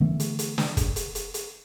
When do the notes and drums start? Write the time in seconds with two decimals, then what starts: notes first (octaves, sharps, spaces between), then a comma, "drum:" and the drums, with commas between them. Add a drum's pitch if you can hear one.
0.01 D3 E3 A3 B3
0.20 drum: hi-hat
0.39 drum: hi-hat
0.58 drum: snare
0.77 drum: kick, hi-hat
0.96 drum: hi-hat
1.15 drum: hi-hat
1.34 drum: hi-hat